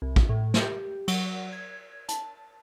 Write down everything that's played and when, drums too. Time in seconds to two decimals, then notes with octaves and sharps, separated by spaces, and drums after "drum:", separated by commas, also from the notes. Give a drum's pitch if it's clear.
0.02 C2
0.16 drum: kick
0.29 A2
0.54 G4, drum: snare
1.08 F#3, drum: cymbal
1.53 G#6
2.09 A5, drum: hi-hat